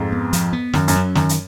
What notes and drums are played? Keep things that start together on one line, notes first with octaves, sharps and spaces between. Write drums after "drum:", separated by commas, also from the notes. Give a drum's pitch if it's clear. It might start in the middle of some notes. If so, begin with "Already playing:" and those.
Already playing: F2 G#2
B3
F3, drum: hi-hat
B3
F#2 D#3, drum: snare
F#2, drum: hi-hat
F#3 C#4
F#2 D#3, drum: snare
drum: hi-hat